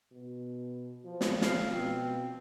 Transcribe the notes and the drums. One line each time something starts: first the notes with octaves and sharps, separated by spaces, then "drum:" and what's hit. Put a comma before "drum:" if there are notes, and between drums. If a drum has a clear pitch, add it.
B2
F3
drum: snare
F5, drum: snare
B2 C4